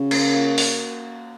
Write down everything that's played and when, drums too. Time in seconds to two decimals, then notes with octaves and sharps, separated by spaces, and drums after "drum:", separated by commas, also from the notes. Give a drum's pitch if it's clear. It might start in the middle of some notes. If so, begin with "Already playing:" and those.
Already playing: C#3 F3 C#4 F#4
0.11 A#3, drum: cymbal
0.34 F#4
0.58 drum: open hi-hat